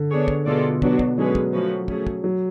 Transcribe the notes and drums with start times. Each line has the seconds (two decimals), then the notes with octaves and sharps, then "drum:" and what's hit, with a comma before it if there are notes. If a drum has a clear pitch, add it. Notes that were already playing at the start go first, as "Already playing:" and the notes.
Already playing: D3
0.10 B3 D4 G#4 C#5
0.28 drum: kick
0.45 B2 G#3 B3 F4 A4 D5
0.82 F#3 B3 D4 F#4, drum: kick
0.99 drum: kick
1.18 D3 F#3 G#3 C#4 G#4 B4
1.35 drum: kick
1.53 F3 A3 C#4 F#4 B4
1.88 A3 C#4 G#4, drum: kick
2.07 drum: kick
2.24 F#3